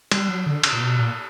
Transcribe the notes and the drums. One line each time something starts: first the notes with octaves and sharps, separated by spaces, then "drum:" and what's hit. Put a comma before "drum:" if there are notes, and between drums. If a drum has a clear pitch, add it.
G3, drum: cymbal
F#3
D3
C#3, drum: cymbal
A#2
B2
A#2